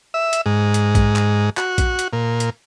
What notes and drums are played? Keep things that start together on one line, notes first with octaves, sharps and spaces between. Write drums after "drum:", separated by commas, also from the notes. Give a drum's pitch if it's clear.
E5
drum: hi-hat
G#2
drum: hi-hat
drum: kick A#1, hi-hat
drum: clap
F#4, drum: clap
drum: kick A#1, hi-hat
drum: hi-hat
A#2
drum: hi-hat